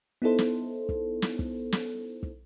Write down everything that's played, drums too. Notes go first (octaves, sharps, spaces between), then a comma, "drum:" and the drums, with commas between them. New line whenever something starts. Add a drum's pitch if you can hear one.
B3 D#4 E4 A4 C5
drum: snare
drum: kick
drum: snare
drum: kick
drum: snare
drum: kick